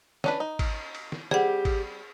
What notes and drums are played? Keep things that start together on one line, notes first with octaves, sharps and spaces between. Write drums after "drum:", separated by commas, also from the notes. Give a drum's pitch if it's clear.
C#4 D4 B4, drum: snare
D#4
drum: kick G#1, cymbal
drum: cymbal
drum: snare
G3 C4 G4 G#4 F#5, drum: snare
drum: kick G#1, cymbal